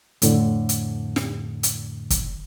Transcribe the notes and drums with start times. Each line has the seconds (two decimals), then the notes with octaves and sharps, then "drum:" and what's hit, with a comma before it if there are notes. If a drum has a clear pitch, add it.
0.22 F2 A2 D3, drum: hi-hat
0.69 drum: hi-hat
1.16 drum: snare
1.63 drum: hi-hat
2.10 drum: kick, hi-hat